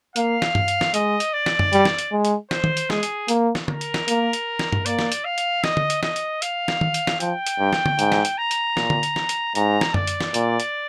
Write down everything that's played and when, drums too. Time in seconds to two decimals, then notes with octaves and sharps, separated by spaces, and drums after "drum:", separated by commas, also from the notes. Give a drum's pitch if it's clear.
0.16 A#3 F5, drum: hi-hat
0.42 drum: snare
0.55 drum: tom G2
0.68 drum: hi-hat
0.81 drum: snare
0.94 G#3 D#5, drum: hi-hat
1.20 drum: hi-hat
1.33 D5
1.46 drum: snare
1.59 drum: tom F#2
1.73 G3, drum: hi-hat
1.85 drum: snare
1.99 drum: hi-hat
2.12 G#3
2.25 drum: hi-hat
2.51 C5, drum: snare
2.64 drum: tom D#3
2.77 drum: hi-hat
2.90 G#3 G#4, drum: snare
3.03 drum: hi-hat
3.28 A#3, drum: hi-hat
3.55 drum: snare
3.68 A#4, drum: tom D3
3.81 drum: hi-hat
3.94 drum: snare
4.08 A#3, drum: hi-hat
4.33 drum: hi-hat
4.59 drum: snare
4.72 drum: tom G2
4.86 A#3 D5, drum: hi-hat
4.99 drum: snare
5.12 drum: hi-hat
5.25 F5
5.38 drum: hi-hat
5.64 D#5, drum: snare
5.77 drum: tom D3
5.90 drum: hi-hat
6.03 D#5, drum: snare
6.16 drum: hi-hat
6.42 F5, drum: hi-hat
6.68 drum: snare
6.81 drum: tom D#3
6.94 drum: hi-hat
7.07 drum: snare
7.20 F3 G5, drum: hi-hat
7.46 drum: hi-hat
7.60 G2
7.73 drum: snare
7.86 drum: tom D3
7.99 G#2, drum: hi-hat
8.12 drum: snare
8.25 drum: hi-hat
8.38 A#5
8.51 drum: hi-hat
8.77 A#2, drum: snare
8.90 drum: tom D3
9.03 drum: hi-hat
9.16 drum: snare
9.29 drum: hi-hat
9.55 G#2 A#5, drum: hi-hat
9.81 drum: snare
9.94 D5, drum: tom F#2
10.07 drum: hi-hat
10.20 drum: snare
10.34 A#2, drum: hi-hat
10.60 drum: hi-hat